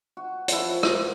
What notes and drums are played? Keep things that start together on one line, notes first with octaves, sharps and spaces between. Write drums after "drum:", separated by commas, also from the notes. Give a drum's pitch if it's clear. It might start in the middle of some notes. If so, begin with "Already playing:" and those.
F#4
F3 E4, drum: hi-hat
drum: rim click